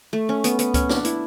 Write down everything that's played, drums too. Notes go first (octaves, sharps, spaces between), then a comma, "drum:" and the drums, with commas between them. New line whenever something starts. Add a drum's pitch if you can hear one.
A3
C#4
B3, drum: hi-hat
B3, drum: hi-hat
C#4, drum: kick C#2, hi-hat
D4, drum: snare
E4, drum: hi-hat